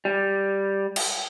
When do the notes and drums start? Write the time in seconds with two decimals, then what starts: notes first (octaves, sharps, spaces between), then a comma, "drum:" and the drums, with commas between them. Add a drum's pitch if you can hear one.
0.05 G3
0.96 drum: cymbal